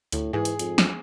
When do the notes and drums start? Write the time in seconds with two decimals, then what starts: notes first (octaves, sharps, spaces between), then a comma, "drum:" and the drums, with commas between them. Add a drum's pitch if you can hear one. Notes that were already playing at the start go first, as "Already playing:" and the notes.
0.12 D2 A2, drum: hi-hat
0.33 G#2 E3 G#4
0.45 drum: hi-hat
0.59 F2, drum: hi-hat
0.78 drum: snare